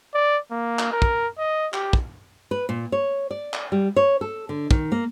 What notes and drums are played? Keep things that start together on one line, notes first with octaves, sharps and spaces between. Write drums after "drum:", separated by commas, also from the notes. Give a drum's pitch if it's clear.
D5
A#3
drum: clap
A#4
drum: kick
D#5
G4, drum: clap
drum: kick
B4
A#2
C#5
D5
drum: clap
G3
C#5
A4
D3
D#3, drum: kick
A#3